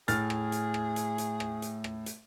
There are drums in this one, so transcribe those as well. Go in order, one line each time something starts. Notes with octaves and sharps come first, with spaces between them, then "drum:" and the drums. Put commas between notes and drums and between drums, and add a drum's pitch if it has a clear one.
A2 G#4 F6 A6, drum: hi-hat
drum: rim click
drum: hi-hat
drum: rim click
drum: hi-hat
drum: hi-hat
drum: rim click
drum: hi-hat
drum: rim click
drum: hi-hat